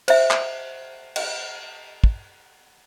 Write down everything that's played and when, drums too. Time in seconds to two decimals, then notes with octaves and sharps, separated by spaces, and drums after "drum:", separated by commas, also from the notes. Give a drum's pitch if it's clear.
0.08 C5 E5, drum: cymbal
0.31 drum: clap
1.16 drum: cymbal
2.04 drum: kick